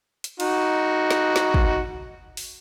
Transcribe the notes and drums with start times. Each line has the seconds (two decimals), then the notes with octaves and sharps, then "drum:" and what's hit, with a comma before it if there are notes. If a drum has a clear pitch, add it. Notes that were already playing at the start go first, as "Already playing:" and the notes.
0.24 drum: hi-hat
0.40 D#4 F#4, drum: cymbal
1.11 drum: snare
1.36 drum: snare
1.54 drum: kick
2.37 drum: open hi-hat